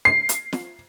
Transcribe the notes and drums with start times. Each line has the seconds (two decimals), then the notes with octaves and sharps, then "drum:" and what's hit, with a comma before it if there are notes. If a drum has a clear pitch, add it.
0.05 C7
0.29 drum: hi-hat
0.53 drum: snare